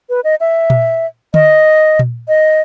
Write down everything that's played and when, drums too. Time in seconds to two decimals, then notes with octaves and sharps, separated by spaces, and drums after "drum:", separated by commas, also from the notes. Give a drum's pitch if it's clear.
0.09 B4
0.24 D#5
0.40 E5
0.70 drum: tom A#2
1.34 D#5, drum: tom D3
1.99 drum: tom A#2
2.28 D#5